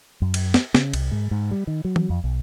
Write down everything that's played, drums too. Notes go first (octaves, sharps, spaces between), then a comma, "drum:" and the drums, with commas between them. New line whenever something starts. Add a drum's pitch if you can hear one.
F#2
drum: cymbal
drum: snare
C#3, drum: snare
C2, drum: cymbal
G#2
G#2
G3
D#3
F#3
drum: tom E3
F2
B1